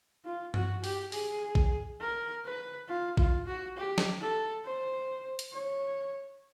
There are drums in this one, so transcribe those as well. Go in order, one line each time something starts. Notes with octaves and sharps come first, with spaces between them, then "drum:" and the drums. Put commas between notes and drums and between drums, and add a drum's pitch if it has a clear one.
F4
F#4, drum: tom G2
G4, drum: open hi-hat
G#4, drum: open hi-hat
drum: kick A#1
A#4
B4
F4
F4, drum: kick A#1
F#4
G4
drum: snare
A4
C5
drum: hi-hat
C#5